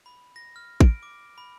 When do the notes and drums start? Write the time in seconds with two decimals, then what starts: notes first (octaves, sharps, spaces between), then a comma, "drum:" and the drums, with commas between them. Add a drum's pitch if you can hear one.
0.06 B5
0.36 A#6
0.56 F6
0.81 D7, drum: kick A1
1.03 D6
1.38 B5